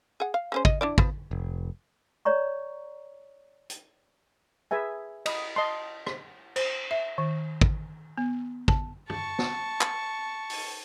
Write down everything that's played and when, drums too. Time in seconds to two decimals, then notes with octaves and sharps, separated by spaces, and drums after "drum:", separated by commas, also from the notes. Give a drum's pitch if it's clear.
0.20 G#4 F#5
0.34 F5
0.52 G#3 C#4 C5
0.65 D#5, drum: kick
0.81 D4 E4 D5
0.98 F3 B3, drum: kick
1.31 F1
2.25 C#5 D5 A#5 C#6
3.70 drum: hi-hat
4.71 G#4 B4 E5 G#5
5.26 D#5 B5 D#6, drum: cymbal
5.56 D#5 A5 C6
6.06 drum: rim click
6.56 C5, drum: cymbal
6.91 E5
7.18 D#3
7.61 drum: kick
8.18 B3
8.68 A5, drum: kick
9.10 A5 C#6, drum: tom
9.39 drum: snare
9.81 drum: clap
10.50 drum: open hi-hat